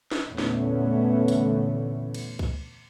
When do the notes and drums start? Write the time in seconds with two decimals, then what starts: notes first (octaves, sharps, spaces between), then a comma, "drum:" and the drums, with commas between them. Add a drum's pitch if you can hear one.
0.12 drum: snare
0.28 E2 A#2 D3 A3 B3 C#4
0.38 drum: snare
1.28 drum: hi-hat
2.14 drum: cymbal
2.39 drum: kick